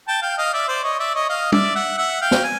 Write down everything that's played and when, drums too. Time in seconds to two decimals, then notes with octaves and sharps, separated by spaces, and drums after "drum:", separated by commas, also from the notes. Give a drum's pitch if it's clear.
0.08 G5 A5
0.22 F5 G5
0.38 D#5 F5
0.53 D5 E5
0.68 C5 D5
0.83 C#5 D#5
0.99 D5 E5
1.15 C#5 D#5
1.29 D#5 F5
1.52 D5 E5, drum: tom G3
1.75 E5 F#5
1.98 E5 F#5
2.21 F5 G5
2.31 drum: snare
2.44 G#5